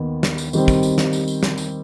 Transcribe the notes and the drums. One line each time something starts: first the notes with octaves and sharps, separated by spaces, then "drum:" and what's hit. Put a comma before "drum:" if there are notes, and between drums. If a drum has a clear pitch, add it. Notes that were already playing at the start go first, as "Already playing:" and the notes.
Already playing: D#2 D#3 B3
drum: snare
drum: tambourine
D#3 G3 C4, drum: tambourine
drum: kick, tambourine
drum: tambourine
drum: snare
drum: tambourine
drum: tambourine
drum: snare
drum: tambourine